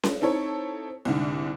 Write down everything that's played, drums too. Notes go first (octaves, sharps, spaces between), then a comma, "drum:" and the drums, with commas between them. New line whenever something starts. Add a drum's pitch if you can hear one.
drum: snare C#4
C4 D#4 E4 A4 C#5
C2 G#2 D3